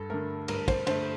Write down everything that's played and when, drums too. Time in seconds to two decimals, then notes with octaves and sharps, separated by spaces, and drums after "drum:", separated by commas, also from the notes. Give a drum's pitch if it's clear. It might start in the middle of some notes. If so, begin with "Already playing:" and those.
Already playing: G2 A4
0.10 D3 A3 A#4
0.48 G2 A#4, drum: cymbal
0.68 C5, drum: kick, cymbal
0.87 D3 A3 C5, drum: cymbal